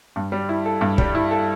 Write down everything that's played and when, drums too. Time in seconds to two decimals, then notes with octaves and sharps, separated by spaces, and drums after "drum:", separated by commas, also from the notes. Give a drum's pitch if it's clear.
0.16 G2
0.32 G3
0.49 E4
0.66 A4
0.81 G2
0.98 G3, drum: kick
1.15 E4
1.31 A4